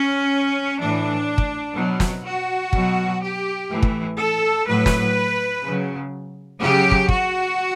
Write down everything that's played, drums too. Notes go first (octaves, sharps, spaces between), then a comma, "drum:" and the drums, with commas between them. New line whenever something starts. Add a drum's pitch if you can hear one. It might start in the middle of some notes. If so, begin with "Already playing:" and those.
Already playing: C#4
A2 E3 D4
drum: kick
B2 F#3
drum: snare
F#4
B2 F#3, drum: kick
G4
A2 E3
drum: kick
A4
A2 F#3 B4
drum: snare
C#3 F#3
C#3 F#3 G4
drum: kick
F#4, drum: kick